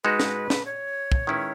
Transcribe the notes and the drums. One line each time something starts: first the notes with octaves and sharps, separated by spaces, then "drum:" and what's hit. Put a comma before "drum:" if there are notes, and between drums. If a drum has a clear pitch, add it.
G#3 D#4 F#4 B4
drum: snare
drum: snare
C#5
drum: kick
D#3 G#3 C#4 E4 B4